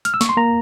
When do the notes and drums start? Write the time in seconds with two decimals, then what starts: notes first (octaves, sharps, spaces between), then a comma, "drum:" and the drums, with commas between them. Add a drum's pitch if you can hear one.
0.05 F6, drum: hi-hat
0.14 E6
0.21 C#6, drum: snare
0.29 C6
0.37 A#3 A#5